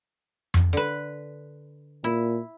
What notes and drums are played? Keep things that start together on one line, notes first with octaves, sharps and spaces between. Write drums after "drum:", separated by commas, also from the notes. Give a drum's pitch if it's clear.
drum: tom F2
D3 B4
A#2 E4